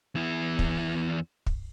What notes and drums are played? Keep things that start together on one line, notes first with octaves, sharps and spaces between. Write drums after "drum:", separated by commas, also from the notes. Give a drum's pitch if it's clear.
E2 E4
drum: kick
drum: kick